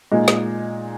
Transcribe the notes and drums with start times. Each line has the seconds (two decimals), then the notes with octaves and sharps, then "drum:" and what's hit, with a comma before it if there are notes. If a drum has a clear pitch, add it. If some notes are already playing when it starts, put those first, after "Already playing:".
0.12 A#2 G#3 D#4
0.28 drum: snare